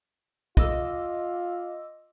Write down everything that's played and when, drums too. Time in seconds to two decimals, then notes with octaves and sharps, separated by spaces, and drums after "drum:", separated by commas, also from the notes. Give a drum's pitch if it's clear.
0.57 F4 D#5 D6 E6, drum: kick